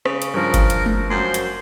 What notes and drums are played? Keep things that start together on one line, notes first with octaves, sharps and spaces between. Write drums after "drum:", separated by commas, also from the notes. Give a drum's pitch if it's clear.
C#3, drum: rim click
drum: hi-hat
G2 F3 A#4
drum: kick G1, hi-hat
drum: hi-hat
drum: tom G#3
F#2 C5
drum: hi-hat